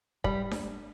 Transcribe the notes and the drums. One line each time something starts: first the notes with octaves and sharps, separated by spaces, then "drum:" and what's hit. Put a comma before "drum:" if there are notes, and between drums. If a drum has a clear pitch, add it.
G3 B5, drum: kick
drum: snare D4